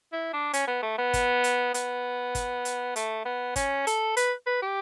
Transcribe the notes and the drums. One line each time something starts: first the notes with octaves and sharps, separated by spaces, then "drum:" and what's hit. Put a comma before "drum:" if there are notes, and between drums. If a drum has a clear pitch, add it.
E4
D4
C#4, drum: hi-hat
B3
A3
B3
drum: kick, hi-hat
drum: hi-hat
B3, drum: hi-hat
drum: kick, hi-hat
drum: hi-hat
A3, drum: hi-hat
B3
C#4, drum: kick, hi-hat
A4, drum: hi-hat
B4, drum: hi-hat
B4
G4